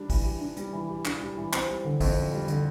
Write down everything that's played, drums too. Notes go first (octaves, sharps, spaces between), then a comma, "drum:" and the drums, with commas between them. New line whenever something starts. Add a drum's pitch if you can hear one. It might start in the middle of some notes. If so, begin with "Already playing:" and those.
Already playing: G3 D4 G4
E3, drum: kick G#1, open hi-hat
G4
D4
G3, drum: hi-hat
E3
G4
D4, drum: clap
G3
E3
C4, drum: clap
G3
D3
F2, drum: kick G#1, open hi-hat
C4
G3
D3, drum: hi-hat